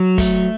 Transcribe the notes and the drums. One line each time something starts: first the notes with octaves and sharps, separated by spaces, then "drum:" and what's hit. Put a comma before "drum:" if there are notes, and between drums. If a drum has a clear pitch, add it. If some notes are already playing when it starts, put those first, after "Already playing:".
Already playing: F#3
A3, drum: kick, hi-hat